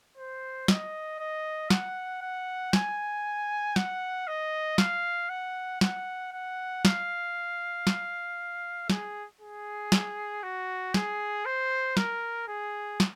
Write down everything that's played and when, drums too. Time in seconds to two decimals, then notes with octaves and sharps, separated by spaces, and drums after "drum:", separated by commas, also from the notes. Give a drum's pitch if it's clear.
0.17 C5
0.68 D#5, drum: snare
1.19 D#5
1.70 F#5, drum: snare
2.22 F#5
2.73 G#5, drum: snare
3.76 F#5, drum: snare
4.27 D#5
4.78 F5, drum: snare
5.29 F#5
5.81 F#5, drum: snare
6.32 F#5
6.85 F5, drum: snare
7.87 drum: snare
8.90 G#4, drum: snare
9.41 G#4
9.92 drum: snare
10.43 F#4
10.94 G#4, drum: snare
11.46 C5
11.97 A#4, drum: snare
12.48 G#4
13.00 drum: snare